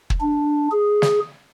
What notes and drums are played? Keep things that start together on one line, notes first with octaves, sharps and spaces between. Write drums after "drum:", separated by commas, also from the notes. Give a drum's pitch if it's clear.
drum: kick
D4
G#4
drum: snare